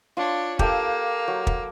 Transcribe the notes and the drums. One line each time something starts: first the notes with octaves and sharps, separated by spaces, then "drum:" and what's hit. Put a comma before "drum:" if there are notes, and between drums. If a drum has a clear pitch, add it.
D4 F4 C#5
A#3 G4 A4 F5, drum: kick
F#3
drum: kick